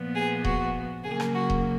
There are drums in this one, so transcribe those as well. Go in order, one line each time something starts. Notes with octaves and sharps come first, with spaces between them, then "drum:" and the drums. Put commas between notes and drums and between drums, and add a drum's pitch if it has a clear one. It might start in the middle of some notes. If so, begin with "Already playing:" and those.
Already playing: A#2 F3 B3
G#4
F#4, drum: kick D#1
C#3 F#3 A#3 G#4
drum: rim click
F#4
drum: kick D#1